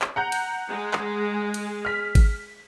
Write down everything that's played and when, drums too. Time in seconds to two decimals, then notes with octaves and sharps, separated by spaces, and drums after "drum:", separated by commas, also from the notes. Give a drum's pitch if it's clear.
0.02 drum: clap
0.16 F#5 A#5 G6
0.32 drum: cymbal
0.69 G#3
0.93 drum: clap
1.54 drum: cymbal
1.85 F6 B6
2.15 drum: kick G#1, cymbal